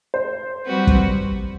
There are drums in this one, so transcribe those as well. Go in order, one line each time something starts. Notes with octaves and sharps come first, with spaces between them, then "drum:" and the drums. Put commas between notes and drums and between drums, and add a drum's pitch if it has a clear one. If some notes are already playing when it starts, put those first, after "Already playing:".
C5
G3 C4 F#4 B4
drum: kick